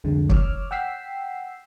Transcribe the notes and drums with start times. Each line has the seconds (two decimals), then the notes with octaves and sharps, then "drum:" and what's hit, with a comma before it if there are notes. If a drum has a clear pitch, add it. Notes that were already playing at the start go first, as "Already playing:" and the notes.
0.04 C2 F2 D3 G#3
0.29 C#5 D6 E6 F6, drum: kick
0.71 F#5 G5 E6 B6 C7